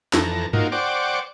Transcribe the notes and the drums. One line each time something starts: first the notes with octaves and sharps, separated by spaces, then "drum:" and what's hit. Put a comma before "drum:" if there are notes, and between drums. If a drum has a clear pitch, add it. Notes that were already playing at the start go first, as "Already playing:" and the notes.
F2 E3 A4 A#5, drum: snare
A#3 D#4 F4 F#4 A#4, drum: tom G2
C5 D5 F#5 G5 C#6 D6